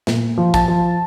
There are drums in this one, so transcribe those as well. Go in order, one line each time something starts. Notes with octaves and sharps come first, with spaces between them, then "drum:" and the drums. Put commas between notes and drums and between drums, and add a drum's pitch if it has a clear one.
A#2, drum: snare
F3
A5, drum: kick, hi-hat
F3